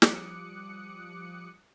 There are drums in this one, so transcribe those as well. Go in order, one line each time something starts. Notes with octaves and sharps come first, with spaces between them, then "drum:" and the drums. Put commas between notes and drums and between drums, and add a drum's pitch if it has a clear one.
F3 G3 D6 D#6 F#6 C#7, drum: snare